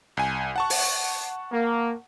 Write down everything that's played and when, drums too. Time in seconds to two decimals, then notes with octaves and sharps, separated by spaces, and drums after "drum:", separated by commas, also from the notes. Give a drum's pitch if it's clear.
0.17 C2 G#5
0.56 F#5 A5 C#6
0.70 drum: open hi-hat
1.52 A#3